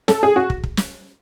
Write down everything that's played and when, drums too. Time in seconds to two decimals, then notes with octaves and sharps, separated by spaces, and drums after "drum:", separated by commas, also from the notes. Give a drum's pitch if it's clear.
0.08 A4, drum: snare
0.23 G#4
0.36 F#4
0.50 drum: kick
0.64 drum: kick
0.77 drum: snare